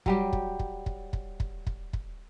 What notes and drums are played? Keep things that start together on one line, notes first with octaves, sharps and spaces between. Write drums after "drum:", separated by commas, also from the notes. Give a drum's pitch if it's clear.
F#3 G3 G4, drum: kick
drum: kick
drum: kick
drum: kick
drum: kick
drum: kick
drum: kick
drum: kick